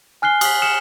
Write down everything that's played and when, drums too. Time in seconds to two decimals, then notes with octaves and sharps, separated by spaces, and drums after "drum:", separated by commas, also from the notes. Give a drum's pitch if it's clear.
0.22 G#5 F6 F#6 C7 G7
0.41 D#6 B6, drum: cymbal
0.62 D#6 F6 C#7 E7